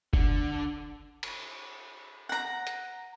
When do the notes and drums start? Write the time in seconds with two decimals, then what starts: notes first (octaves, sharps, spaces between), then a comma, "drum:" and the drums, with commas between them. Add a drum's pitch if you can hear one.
0.13 D3, drum: kick F1
1.23 drum: cymbal
2.29 F#5 A#5
2.67 drum: hi-hat